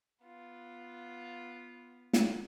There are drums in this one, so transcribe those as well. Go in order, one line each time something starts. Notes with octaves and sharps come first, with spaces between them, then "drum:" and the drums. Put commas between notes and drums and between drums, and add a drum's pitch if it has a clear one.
B3 F4
drum: snare